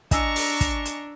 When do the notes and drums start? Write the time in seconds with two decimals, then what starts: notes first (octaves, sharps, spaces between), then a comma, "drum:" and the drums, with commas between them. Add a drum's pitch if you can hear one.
0.11 D4 D#5 G#5 A#5 C#6 E6, drum: kick, hi-hat
0.36 drum: open hi-hat
0.61 drum: kick, hi-hat
0.85 drum: hi-hat